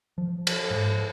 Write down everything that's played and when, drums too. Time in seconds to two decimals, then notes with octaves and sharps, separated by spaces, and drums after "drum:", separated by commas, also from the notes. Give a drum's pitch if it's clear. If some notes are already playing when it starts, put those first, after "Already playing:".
0.18 F3
0.47 drum: cymbal
0.70 G#2